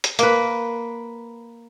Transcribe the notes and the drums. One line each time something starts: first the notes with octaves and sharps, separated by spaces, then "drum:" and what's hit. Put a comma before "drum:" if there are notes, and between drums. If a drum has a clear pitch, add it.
drum: hi-hat
A#3 B4, drum: hi-hat